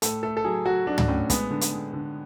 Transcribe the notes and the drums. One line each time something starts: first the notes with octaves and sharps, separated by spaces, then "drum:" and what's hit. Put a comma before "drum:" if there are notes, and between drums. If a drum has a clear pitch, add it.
A2 A4, drum: hi-hat
A3 A4
A4
F#3 G#4
F#3 F#4
F#3 D4
drum: tom
A2 C#4
G#3 B3, drum: kick, hi-hat
D3
drum: hi-hat
G#3
D3